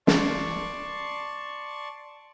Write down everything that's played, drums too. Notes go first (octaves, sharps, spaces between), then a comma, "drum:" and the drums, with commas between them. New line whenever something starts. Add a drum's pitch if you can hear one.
D5 A5 C6 C#6, drum: snare